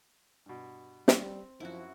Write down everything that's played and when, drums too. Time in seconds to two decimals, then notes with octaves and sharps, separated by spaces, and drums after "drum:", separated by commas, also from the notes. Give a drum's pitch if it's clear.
0.46 G2 B2
1.08 G3 C4, drum: snare
1.60 F#2 F3 E4 F#4